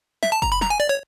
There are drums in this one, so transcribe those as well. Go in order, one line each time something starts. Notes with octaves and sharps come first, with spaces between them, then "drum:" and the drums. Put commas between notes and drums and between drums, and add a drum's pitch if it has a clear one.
E5, drum: snare
A5
A#5, drum: kick
B5
A#5, drum: snare
G#5
D5
C#5